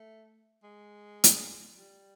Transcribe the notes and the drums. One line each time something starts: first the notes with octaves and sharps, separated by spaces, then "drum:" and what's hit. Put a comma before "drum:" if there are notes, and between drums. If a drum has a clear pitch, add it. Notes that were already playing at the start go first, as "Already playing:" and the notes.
Already playing: A3
G#3
drum: hi-hat
G3